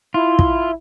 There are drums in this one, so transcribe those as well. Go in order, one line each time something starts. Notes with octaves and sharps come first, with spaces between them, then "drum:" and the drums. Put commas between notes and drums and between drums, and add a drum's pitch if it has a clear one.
E4 F4
drum: kick